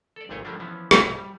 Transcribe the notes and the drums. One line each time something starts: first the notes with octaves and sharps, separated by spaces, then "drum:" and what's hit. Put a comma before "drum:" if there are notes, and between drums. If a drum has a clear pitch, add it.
A4 D5
G#1 A#2 A3 G#4 C#5 G5
D3 F3 G3 A3 A#3 D4
E3 F3 B3 C#4
drum: rim click
C2 G#2 F#3 G3
G3